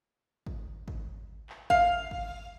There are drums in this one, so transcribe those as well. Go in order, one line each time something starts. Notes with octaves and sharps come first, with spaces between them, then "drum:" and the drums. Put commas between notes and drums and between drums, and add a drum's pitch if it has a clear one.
drum: kick
drum: kick
drum: clap
F5, drum: kick
drum: kick